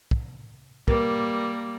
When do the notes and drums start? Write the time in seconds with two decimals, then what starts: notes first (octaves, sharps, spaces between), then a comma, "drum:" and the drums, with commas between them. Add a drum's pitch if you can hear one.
0.11 drum: kick
0.88 G3 A#3 A#4 B4, drum: kick